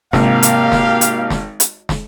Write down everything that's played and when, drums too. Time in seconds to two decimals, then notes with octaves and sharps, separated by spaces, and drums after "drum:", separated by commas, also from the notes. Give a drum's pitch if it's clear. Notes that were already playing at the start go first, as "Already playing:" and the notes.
0.13 G#1 C3 A#3 G4 F5, drum: snare
0.43 drum: hi-hat
0.72 drum: snare
1.01 drum: hi-hat
1.30 drum: snare
1.60 drum: hi-hat
1.89 drum: snare